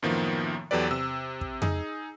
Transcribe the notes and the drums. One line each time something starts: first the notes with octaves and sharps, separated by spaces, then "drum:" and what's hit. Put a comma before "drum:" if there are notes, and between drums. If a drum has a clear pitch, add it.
F#2 A2 D#3 F3 A#3 B3
E2 F#3 G4 A4 B4 D5
C3 E6
drum: kick
D#4 G#4, drum: tom F2